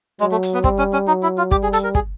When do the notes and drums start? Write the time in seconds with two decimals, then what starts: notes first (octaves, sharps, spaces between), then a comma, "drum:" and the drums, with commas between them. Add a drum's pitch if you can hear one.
0.20 F#3 G#3
0.31 A3
0.43 drum: hi-hat
0.54 B3
0.64 G3 C4, drum: kick
0.78 C#4
0.93 C#4
1.08 F#3 D#4
1.23 E4
1.38 F4
1.51 G3 G4, drum: kick
1.63 G#4
1.73 A4, drum: hi-hat
1.84 A#4
1.95 G#4, drum: kick